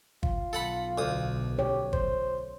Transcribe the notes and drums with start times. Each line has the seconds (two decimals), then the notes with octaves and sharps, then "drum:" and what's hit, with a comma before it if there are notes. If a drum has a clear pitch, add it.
0.23 F4, drum: kick
0.53 B1 A4 F#5 B5
0.98 D2 D#6
1.59 G4 C#5
1.93 C5, drum: kick